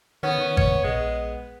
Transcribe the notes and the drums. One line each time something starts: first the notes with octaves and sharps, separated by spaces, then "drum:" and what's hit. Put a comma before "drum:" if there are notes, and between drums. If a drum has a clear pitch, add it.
D#3 B3 C#4
D#3
C#5, drum: kick
A#1 G#3